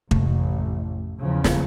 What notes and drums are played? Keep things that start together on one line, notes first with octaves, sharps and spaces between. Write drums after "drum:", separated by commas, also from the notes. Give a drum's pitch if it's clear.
A1 F2 C3 A3, drum: kick E1
E2 C#3 F3
drum: snare